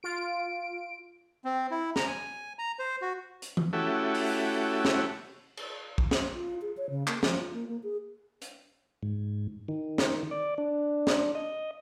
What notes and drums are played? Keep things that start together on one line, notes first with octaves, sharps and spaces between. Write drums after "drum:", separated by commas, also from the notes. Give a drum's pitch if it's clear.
F4 D7
C4
E4
A#5, drum: snare
G#5
A#5
C5
F#4
drum: hi-hat
drum: tom E3
A3 C#4 E4 F#4 G4 A4
drum: open hi-hat
drum: snare
drum: cymbal
drum: kick
drum: snare
F4
G#4
C#5
C#3
A#3, drum: clap
F3, drum: snare
F4
A#3
A#3
G#4
drum: hi-hat
G#2
D#3
drum: snare
D5
D4
drum: snare
D#5